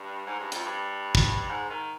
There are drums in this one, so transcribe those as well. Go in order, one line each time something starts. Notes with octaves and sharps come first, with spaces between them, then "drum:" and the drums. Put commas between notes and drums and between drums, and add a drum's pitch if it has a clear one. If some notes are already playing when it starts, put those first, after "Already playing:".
Already playing: G2
G#2
G2
F2, drum: hi-hat
G2
drum: kick
G#2
D#3